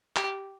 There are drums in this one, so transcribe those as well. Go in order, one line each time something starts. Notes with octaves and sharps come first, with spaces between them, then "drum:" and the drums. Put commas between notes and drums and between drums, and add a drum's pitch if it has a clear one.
G4, drum: clap